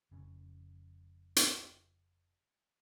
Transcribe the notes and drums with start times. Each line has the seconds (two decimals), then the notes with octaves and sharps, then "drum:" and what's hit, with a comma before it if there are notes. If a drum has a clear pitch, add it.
0.11 F1 C#3
1.36 drum: hi-hat